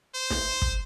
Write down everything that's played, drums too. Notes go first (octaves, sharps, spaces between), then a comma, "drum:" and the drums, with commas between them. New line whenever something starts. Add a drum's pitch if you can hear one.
C5
drum: snare
drum: kick